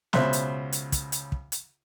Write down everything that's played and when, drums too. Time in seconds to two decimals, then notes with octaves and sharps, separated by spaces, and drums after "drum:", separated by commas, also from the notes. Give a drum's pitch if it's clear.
0.13 C#2 B2 C5 E5 C6 F#6, drum: snare
0.33 drum: hi-hat
0.72 drum: hi-hat
0.92 drum: kick, hi-hat
1.12 drum: hi-hat
1.32 drum: kick
1.52 drum: hi-hat